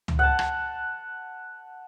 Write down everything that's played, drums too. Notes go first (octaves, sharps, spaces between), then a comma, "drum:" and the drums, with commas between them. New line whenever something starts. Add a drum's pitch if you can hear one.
drum: tom C#2
F#5 A5
drum: rim click